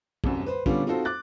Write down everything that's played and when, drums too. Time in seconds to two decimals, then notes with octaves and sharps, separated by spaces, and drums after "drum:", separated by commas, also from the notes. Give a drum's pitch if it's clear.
0.24 D#1 C2 F#2, drum: kick
0.47 B4 C5
0.66 D3 G3 B3 C#4 D4 F4, drum: kick
0.87 C4 D#4 F4 F#4 A4 C5
1.05 D6 F#6 A6